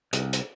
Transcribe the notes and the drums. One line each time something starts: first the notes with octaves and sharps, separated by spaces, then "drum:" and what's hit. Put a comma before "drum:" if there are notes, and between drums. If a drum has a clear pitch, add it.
C2, drum: hi-hat
drum: hi-hat